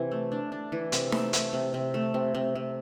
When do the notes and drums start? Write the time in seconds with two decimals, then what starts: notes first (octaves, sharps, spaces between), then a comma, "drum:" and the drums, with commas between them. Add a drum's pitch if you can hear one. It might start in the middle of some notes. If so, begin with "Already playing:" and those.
Already playing: C3 E3
0.11 A3
0.32 D4
0.52 D4
0.72 E3
0.92 C3, drum: hi-hat
1.12 A3, drum: snare D#4
1.33 A3, drum: hi-hat
1.53 C3
1.74 C3
1.94 A3
2.14 C3
2.35 C3
2.55 C3